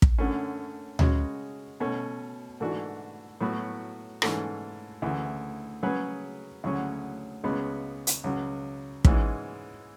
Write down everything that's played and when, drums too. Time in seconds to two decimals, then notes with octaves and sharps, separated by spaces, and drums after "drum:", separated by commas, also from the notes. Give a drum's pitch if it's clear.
0.02 drum: kick
0.19 F#2 D3 A3 C#4
0.99 C#3 G#3 C#4 F#4, drum: tom D2
1.80 B2 A3 C#4
2.60 G#2 E3 A3 D4 F#4
3.41 A2 F#3 B3 F#4
4.22 G#2 E3 A3 C#4, drum: rim click
5.02 D2 C#3 E3
5.83 C#3 F#3 C#4 G#4 B4
6.64 D2 C#3 F#3 C#4
7.44 C#2 C#3 G#3 B3
8.07 drum: hi-hat
8.24 C#2 C#3 F#3
9.04 G#2 E3 G#3 C#4, drum: kick